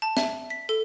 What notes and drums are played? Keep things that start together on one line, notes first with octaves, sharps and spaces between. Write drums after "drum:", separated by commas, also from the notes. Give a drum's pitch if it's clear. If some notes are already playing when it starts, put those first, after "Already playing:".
A5
E5, drum: snare
B6
A4